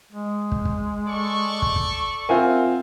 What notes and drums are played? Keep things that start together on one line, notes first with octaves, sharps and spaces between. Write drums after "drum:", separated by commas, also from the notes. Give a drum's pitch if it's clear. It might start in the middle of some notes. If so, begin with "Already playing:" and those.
G#3
drum: kick
drum: kick
A4 D5 C#6
drum: kick
drum: kick
C4 F4 A#4 E5 F#5 G#5